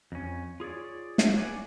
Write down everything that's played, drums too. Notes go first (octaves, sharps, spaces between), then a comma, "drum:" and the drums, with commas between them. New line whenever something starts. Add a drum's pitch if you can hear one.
F2 C#4
F4 G#4 C#5 D5
drum: snare
B4 C#5 D5 F5 F#5 G#5